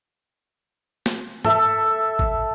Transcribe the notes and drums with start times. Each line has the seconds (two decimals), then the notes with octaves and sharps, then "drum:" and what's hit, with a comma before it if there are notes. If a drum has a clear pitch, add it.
1.06 drum: snare
1.45 A4 E5, drum: tom
2.19 drum: kick